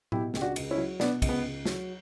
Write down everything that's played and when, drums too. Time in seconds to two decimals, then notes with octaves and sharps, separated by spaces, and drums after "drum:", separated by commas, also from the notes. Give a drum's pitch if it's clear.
0.12 B2 E4 G4, drum: tom A2
0.34 C#2 G4, drum: snare
0.42 D4 F#4
0.56 C#2, drum: cymbal
0.71 C#4 E4
0.78 F#3
1.00 B2 B3 D4, drum: snare
1.22 C#2, drum: kick, cymbal
1.29 B3
1.44 C#2
1.65 F#3, drum: snare